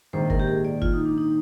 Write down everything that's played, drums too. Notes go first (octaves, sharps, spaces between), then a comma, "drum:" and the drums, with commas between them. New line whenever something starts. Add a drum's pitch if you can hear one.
A#1 G#2 D#3 A#3 C5
A#4, drum: kick
G4
G#4
D5
F4, drum: kick
D#4
D4
D#4